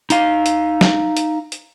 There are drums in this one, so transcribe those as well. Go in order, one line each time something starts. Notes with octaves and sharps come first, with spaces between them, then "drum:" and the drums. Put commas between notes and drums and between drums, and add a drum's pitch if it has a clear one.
D#4 F5, drum: hi-hat
drum: hi-hat
drum: snare
drum: hi-hat
drum: hi-hat